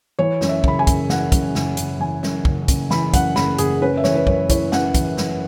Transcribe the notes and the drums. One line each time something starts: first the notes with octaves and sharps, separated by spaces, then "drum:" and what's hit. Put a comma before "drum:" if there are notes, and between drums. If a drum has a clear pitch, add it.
E3 C#5
F#2, drum: snare
E5
F#1 B5, drum: kick
G#5
F#1, drum: kick, hi-hat
E3 F#5, drum: snare
F#2, drum: kick, hi-hat
F#1, drum: snare
F#1, drum: hi-hat
E3 G#5
F#2, drum: snare
F#1, drum: kick
F#1, drum: kick, hi-hat
E3 B5, drum: snare
F#2 F#5, drum: kick, hi-hat
F#1 B5, drum: snare
F#1 G#4, drum: hi-hat
C#4 B4
E5
E3 C#5, drum: snare
B4
F#2 C#5, drum: kick
E4 C#5, drum: kick, hi-hat
C#4 F#5, drum: snare
E3, drum: kick, hi-hat
F#2, drum: snare